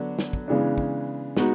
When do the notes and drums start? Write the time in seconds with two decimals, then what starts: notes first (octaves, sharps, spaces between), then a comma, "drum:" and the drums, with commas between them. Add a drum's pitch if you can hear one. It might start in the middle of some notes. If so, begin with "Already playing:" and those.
Already playing: D3 F#3 B3 D4 F#4
0.19 drum: snare
0.33 drum: kick
0.48 C#3 E3 G#3 B3 D4
0.78 drum: kick
1.37 G#3 B3 D#4 F#4, drum: snare